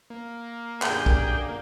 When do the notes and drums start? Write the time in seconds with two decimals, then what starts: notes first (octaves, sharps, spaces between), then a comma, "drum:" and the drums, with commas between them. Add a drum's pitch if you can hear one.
0.10 A#3
0.82 F#2 A#2 D3 G4 G#4 G5, drum: clap
1.06 drum: kick B1